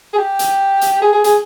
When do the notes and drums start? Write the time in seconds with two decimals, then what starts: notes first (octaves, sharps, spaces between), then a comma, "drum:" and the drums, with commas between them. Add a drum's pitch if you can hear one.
0.13 G#4
0.18 G4
0.39 drum: hi-hat
0.81 drum: hi-hat
1.02 G#4
1.13 G#4
1.24 G#4, drum: hi-hat